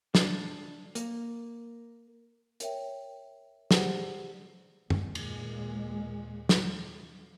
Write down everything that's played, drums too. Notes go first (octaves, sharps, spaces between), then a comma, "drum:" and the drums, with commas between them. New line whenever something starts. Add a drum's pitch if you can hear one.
D4, drum: snare
A#3, drum: hi-hat
A#4 C#5 E5 G5, drum: hi-hat
G4 G#4 C5 D5 F#5, drum: snare
D#2 A#2 G#3, drum: tom F#2
drum: cymbal
drum: snare